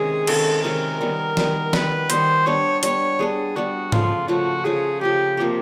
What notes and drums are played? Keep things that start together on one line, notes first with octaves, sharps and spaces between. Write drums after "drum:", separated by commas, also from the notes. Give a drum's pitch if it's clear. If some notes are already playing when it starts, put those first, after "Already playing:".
Already playing: C3 D#3 G#3 C#4 G#4
C3 D#3 G#3 C#4 A4, drum: cymbal
C3 D#3 G#3 C#4 A#4
D#3 G3 B3
D#3 G3 B3, drum: snare
D#3 G3 B3 B4, drum: snare
D#3 G3 B3 C5, drum: hi-hat
G3 B3 D4 C#5
G3 B3 D4 C#5, drum: hi-hat
G3 B3 D4 G#4
G3 B3 D4 F#4
C#3 F3 A3 F4, drum: tom G#2
C#3 F3 A3 F#4
C#3 F3 A3 G#4
C#3 F3 A3 G4
C3 F3 A#3